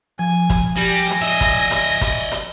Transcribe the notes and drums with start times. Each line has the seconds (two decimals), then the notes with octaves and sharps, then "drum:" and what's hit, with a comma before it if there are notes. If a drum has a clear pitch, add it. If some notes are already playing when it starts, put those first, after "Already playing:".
0.19 F3 G#5
0.50 drum: kick, hi-hat
0.77 G3 G#5 A#6
1.10 drum: hi-hat
1.22 D#5 E5
1.41 drum: kick, hi-hat
1.71 drum: hi-hat
2.01 drum: kick, hi-hat
2.32 drum: hi-hat